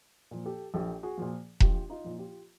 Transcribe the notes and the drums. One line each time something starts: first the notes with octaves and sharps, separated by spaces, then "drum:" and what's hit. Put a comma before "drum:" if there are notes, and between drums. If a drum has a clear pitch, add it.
A#2 F3
G4 A4
A#1 G4 A4
F#4 G#4
A#2 F3
A#1 F4 G4, drum: kick E1
D#4 F4
A#2 F3
F4 G4